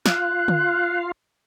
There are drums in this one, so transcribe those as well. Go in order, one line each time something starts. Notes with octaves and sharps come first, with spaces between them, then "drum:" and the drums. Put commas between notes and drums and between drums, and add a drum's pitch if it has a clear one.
F4 F5 F#6, drum: snare
drum: tom D3